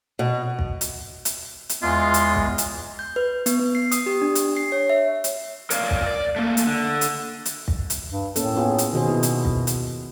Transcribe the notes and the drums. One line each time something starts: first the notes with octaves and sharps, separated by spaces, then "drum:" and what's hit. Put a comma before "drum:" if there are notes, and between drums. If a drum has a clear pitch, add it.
B2
drum: kick
drum: hi-hat
drum: hi-hat
drum: hi-hat
E2 G#3 F4
drum: hi-hat
drum: kick
drum: hi-hat
G6
B4
B3, drum: hi-hat
B3
C7
D#6, drum: hi-hat
G4
D4
drum: hi-hat
C7
C#5
E5
drum: hi-hat
A#4 C#5 D5 E5 F5, drum: hi-hat
drum: kick
D5
A3 A#3
drum: hi-hat
D3
drum: hi-hat
drum: hi-hat
drum: kick
drum: hi-hat
G2
A2 A#3 C#4 A4, drum: hi-hat
B3 F4 G#4
drum: hi-hat
B2 D#3 G#4 C5
B3 E4
drum: hi-hat
drum: kick
drum: hi-hat